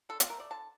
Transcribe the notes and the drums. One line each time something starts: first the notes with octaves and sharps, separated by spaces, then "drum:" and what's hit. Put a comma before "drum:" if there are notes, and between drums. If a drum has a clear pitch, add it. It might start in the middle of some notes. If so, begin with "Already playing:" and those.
D3 A4
F4, drum: hi-hat
A3 A#4
D5
D3 A5